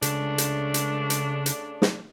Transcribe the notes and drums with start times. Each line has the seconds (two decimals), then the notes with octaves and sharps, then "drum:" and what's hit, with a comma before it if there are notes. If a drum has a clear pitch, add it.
0.02 C#2 C#3 A3 D4, drum: hi-hat
0.38 drum: hi-hat
0.74 drum: hi-hat
1.10 drum: hi-hat
1.46 drum: hi-hat
1.82 drum: snare